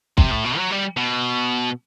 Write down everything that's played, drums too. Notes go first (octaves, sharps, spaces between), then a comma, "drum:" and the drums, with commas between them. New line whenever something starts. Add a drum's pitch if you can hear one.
C3, drum: kick
A2
B2
F#3
G3
B2